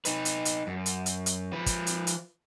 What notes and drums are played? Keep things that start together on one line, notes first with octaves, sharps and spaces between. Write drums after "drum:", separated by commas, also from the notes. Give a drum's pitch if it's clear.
D#4 B4, drum: hi-hat
drum: hi-hat
drum: hi-hat
F#2
drum: hi-hat
drum: hi-hat
drum: hi-hat
F3 B4
drum: kick, hi-hat
drum: hi-hat
drum: hi-hat